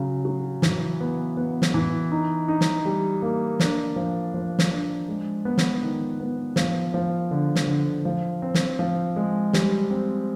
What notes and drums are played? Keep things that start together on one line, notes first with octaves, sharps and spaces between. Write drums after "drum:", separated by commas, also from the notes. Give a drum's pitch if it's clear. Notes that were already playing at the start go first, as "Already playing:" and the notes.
Already playing: C#3 F#3
F#3
E3, drum: snare
B3
B3
drum: snare
E3
D#4
D#4
drum: snare
G3
A#3
D4, drum: snare
F3
F3
drum: snare
D4
G#3
B3
drum: snare
D#3
B3
F3, drum: snare
F3
D3
drum: snare
D3
F3
C4
drum: snare
F3
G#3
G3, drum: snare
C4